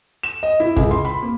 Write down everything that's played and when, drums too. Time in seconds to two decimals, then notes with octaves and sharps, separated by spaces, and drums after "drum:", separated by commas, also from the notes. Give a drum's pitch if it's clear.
0.23 E7
0.43 D#5
0.60 E4
0.77 C#2, drum: kick
0.91 C6
1.05 B5
1.23 A#3